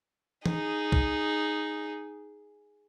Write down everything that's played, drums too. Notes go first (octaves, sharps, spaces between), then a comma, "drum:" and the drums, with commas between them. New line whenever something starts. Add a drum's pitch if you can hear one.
D#4 G#4, drum: tom E3
drum: kick